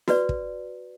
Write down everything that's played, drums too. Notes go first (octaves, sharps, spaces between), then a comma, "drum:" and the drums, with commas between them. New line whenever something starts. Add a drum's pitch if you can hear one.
F#4 B4 D5, drum: snare
drum: kick